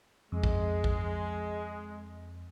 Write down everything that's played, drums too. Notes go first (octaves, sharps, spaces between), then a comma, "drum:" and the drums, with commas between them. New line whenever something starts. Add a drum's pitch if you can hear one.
F2 G#3
drum: kick
drum: kick